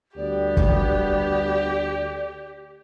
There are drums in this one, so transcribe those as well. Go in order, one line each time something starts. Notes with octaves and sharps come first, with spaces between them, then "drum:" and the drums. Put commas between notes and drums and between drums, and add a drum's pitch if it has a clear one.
D2 G3 B3 G4 D5
drum: kick